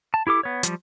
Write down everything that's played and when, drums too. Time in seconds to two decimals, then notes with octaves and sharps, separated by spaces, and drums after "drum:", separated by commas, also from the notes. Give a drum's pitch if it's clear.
0.14 A5
0.27 E4 G4 A4 D6
0.43 B3 C#5
0.63 F3 G3, drum: hi-hat